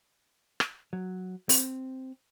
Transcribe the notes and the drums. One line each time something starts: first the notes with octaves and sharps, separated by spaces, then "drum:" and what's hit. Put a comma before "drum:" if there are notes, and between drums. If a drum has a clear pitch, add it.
drum: rim click
F#3
C4, drum: open hi-hat